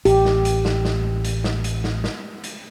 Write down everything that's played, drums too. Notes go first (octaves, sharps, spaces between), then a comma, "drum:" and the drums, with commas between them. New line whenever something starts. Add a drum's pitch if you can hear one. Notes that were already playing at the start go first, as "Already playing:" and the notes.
A1 G4, drum: hi-hat
drum: snare
drum: hi-hat
drum: snare
drum: snare
drum: hi-hat
drum: snare
drum: hi-hat
drum: snare
drum: snare
drum: hi-hat